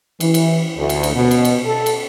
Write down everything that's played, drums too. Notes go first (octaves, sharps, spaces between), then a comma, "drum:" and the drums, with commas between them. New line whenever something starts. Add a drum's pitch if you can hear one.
E3, drum: cymbal
drum: cymbal
D2
drum: cymbal
drum: cymbal
B2
drum: cymbal
drum: cymbal
A4
drum: cymbal